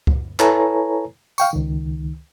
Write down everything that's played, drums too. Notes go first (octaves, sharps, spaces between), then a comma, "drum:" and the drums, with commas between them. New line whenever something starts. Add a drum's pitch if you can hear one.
drum: kick
E4 A4 B4 C#5 G#5 A#5, drum: clap
F5 G5 C#6, drum: tambourine
C#2 D#3